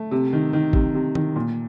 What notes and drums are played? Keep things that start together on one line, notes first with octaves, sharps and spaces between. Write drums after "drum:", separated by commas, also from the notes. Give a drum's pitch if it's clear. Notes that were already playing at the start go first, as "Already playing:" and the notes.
Already playing: A3
C3
D#3
D#3
C3, drum: kick
C3
D#3, drum: tom
A#2